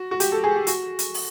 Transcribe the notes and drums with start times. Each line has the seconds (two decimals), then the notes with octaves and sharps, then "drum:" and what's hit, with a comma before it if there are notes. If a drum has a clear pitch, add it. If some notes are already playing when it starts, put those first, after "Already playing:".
Already playing: F#4
0.11 F#4
0.20 G4, drum: hi-hat
0.32 A4
0.44 G#4
0.56 G4
0.67 F#4, drum: hi-hat
0.99 drum: hi-hat
1.14 drum: open hi-hat